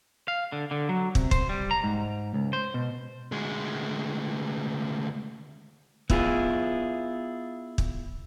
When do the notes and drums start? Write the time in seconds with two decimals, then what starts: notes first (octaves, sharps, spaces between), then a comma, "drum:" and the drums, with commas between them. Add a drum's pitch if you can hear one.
0.28 F5
0.52 D3
0.71 D3
0.89 F#3
1.15 C3, drum: kick
1.31 C5, drum: kick
1.49 G3
1.71 A#5
1.84 G#2
2.34 C#2
2.53 C5
2.74 B2
3.32 D2 G#3
6.10 B3 E4 F4 G#4, drum: kick
7.78 drum: kick